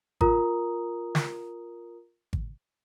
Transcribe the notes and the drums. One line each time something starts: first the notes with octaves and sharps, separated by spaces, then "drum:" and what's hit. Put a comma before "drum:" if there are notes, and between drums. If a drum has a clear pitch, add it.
F4 A#4 A#5 D#6, drum: kick G#1
drum: snare
drum: kick G#1